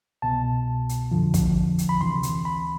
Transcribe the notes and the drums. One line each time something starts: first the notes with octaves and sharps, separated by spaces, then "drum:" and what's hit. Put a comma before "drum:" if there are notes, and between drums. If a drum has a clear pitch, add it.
C2 B2 A5
drum: hi-hat
F2 D3 F3
drum: kick, hi-hat
drum: hi-hat
B5
D2 C3 E3 C6
drum: hi-hat
B5